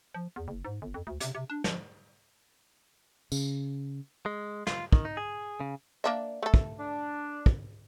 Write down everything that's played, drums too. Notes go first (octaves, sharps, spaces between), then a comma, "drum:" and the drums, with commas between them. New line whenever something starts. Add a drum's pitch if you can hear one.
F3
E2
F#1
G#2
G1
F2
D2
C3, drum: hi-hat
C3
D4
F3, drum: snare
C#3, drum: tambourine
G#3
F4, drum: snare
D#3, drum: kick
D#4
G#4
C#3
A#3 D4 E5
A3 A4
drum: kick
D4
drum: kick